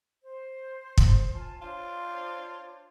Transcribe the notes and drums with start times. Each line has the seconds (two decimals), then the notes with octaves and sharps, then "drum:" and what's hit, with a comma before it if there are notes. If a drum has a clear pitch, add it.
0.23 C5
0.98 drum: kick
1.34 F4 G#5 A5
1.61 D4 F4 C5 C#5